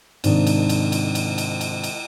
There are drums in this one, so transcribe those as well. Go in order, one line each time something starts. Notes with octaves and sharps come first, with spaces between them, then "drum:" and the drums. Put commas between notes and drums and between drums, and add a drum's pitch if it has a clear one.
G#2 C3 D#3 D4 D#4, drum: cymbal
drum: cymbal
drum: cymbal
drum: cymbal
drum: cymbal
drum: cymbal
drum: cymbal
drum: cymbal